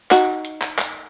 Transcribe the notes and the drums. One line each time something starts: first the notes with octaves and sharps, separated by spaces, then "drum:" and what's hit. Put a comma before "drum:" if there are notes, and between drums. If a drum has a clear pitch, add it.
D#4 F#4, drum: clap
drum: hi-hat
drum: clap
drum: clap